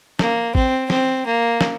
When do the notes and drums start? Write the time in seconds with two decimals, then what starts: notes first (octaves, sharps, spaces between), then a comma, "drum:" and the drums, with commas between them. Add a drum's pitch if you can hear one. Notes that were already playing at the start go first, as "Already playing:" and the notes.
0.19 A#3, drum: snare
0.55 C4, drum: kick A1
0.90 C4, drum: snare
1.26 A#3
1.61 drum: snare